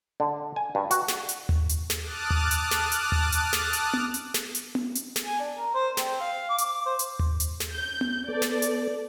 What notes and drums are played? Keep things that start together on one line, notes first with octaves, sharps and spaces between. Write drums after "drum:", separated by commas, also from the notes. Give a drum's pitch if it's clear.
D3
G#5
G2
F#4, drum: hi-hat
drum: snare
drum: hi-hat
drum: tom D#2
drum: hi-hat
drum: snare
A5 D6 D#6 F6 F#6
drum: tom D#2
drum: hi-hat
drum: snare
drum: hi-hat
drum: tom D#2
drum: hi-hat
drum: snare
drum: hi-hat
drum: tom B3
drum: hi-hat
drum: snare
drum: hi-hat
drum: tom B3
drum: hi-hat
drum: snare
G#5
D4
A#4
C5
C4, drum: snare
F5
D6
drum: hi-hat
C5
drum: hi-hat
drum: tom D#2
drum: hi-hat
drum: snare
G6
drum: tom B3
B3 A4 D5
drum: snare
drum: hi-hat